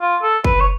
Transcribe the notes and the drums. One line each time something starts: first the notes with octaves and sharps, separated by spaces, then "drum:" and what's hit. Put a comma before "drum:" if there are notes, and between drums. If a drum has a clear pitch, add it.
F4
A4
B4, drum: kick
C#5